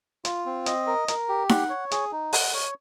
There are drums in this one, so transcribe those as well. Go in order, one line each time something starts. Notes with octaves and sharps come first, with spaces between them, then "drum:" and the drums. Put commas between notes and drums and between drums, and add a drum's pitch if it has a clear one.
F4, drum: hi-hat
C4
D#5, drum: hi-hat
A#4
A#4, drum: hi-hat
G4
F#5, drum: snare D#4
C#5
G#4, drum: hi-hat
D#4
F#5, drum: open hi-hat
C#5